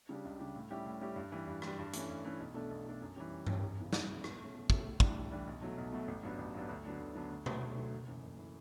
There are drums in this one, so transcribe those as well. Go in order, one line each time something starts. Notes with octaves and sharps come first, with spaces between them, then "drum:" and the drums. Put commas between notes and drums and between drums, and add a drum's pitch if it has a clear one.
C#3 G3 D4 G4
C#2
C#3 G3 D4 G4
A2
G3 C#4 E4 G4
A2
G3 C#4 E4 G4
G2
E3 G3
G2
E3 G3, drum: rim click
G2
E3 A3 C#4, drum: hi-hat
G2
E3 A3 C#4
B1
B2 A3 D4 A4
B1
B2 A3 D4 A4
F#2
E3 G3 C#4 G4
F#2
E3 G3 C#4 G4, drum: tom G2
F#2
C#3 E3 B3
F#2, drum: snare
C#3 E3 B3
B2, drum: rim click
A3 C#4
B2
A3 C#4, drum: kick
A2
E3 G3 D4, drum: kick
A2
E3 G3 D4
B1
B2 F#3 A3
B1
B2 F#3 A3
A1
G2 F#3 B3 D4
A1
G2 F#3 B3 D4
D2
D3 F#3 B3 D4
D2
D3 F#3 B3 D4
D2
D3 F#3 A3, drum: tom B2
D2
D3 F#3 A3
F#1
F#2 E3
F#1
E3